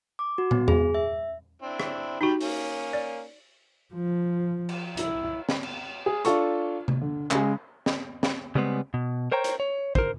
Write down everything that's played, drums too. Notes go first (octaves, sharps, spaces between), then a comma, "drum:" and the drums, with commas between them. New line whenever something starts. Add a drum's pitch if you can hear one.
D6
F#4
B3, drum: tom
G#4, drum: tom E2
E5
C4 D4 E4
drum: rim click
D#4 F#4 G4 G5 B5
A#3 C#4, drum: open hi-hat
D5
F3
drum: cymbal
E4, drum: hi-hat
drum: snare
drum: cymbal
G#4
D4 F4 A4 C#6, drum: hi-hat
drum: tom C3
D3
C#3 G#3, drum: clap
drum: snare
drum: snare
C#3 G3 G#3 B3 C4
B2
A#4 C5 C#5 G5 A#5
drum: hi-hat
C#5
A#4 C5, drum: kick